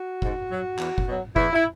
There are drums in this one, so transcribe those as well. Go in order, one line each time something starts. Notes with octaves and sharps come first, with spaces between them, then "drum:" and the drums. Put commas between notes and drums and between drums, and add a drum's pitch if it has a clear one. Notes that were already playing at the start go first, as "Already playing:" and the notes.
Already playing: F#4
G#2, drum: kick F#1
F#3
E2, drum: clap
drum: kick F#1
B2 F#3
E2 E4, drum: kick F#1
E4